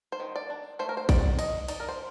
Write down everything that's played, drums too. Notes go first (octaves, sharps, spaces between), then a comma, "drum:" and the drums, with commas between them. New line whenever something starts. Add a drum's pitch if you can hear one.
C5
D#3
D5
D4
A3 C5
A#4
C5
D#3 D5, drum: kick A1, cymbal
D#3 D#5, drum: cymbal
D#4 D5, drum: cymbal
A#4
C5